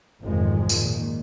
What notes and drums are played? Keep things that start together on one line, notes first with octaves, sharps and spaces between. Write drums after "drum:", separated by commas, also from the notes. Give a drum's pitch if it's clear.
G#1 F2 C3 D#3 F3 G#3
A#2 D#3, drum: tambourine